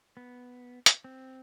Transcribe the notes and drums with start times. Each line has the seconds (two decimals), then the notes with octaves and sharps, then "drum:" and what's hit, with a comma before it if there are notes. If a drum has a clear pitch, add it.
0.17 B3
0.86 drum: hi-hat
1.04 C4